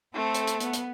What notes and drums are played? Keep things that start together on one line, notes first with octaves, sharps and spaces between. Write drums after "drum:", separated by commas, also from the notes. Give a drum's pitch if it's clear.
A3 C4 A4
drum: hi-hat
drum: hi-hat
B3, drum: hi-hat
drum: hi-hat